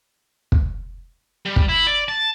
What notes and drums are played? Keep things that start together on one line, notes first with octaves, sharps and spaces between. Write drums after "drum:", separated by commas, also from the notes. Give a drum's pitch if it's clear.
drum: kick
G3
drum: kick
E4
D5
A5